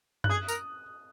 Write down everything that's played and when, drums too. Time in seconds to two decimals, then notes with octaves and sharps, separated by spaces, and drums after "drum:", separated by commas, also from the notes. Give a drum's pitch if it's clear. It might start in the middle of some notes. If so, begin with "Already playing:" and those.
0.24 F#6, drum: tom F#2
0.29 G#4 D#6
0.48 A#4, drum: tambourine